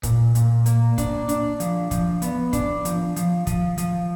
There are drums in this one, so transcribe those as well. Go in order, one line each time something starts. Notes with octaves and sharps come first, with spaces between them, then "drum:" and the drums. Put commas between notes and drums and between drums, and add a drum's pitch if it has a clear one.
A#2, drum: kick, hi-hat
A#2, drum: hi-hat
A#3, drum: hi-hat
D4, drum: kick, hi-hat
D4, drum: hi-hat
F3, drum: hi-hat
F3, drum: kick, hi-hat
B3, drum: hi-hat
D4, drum: kick, hi-hat
F3, drum: hi-hat
F3, drum: hi-hat
F3, drum: kick, hi-hat
F3, drum: hi-hat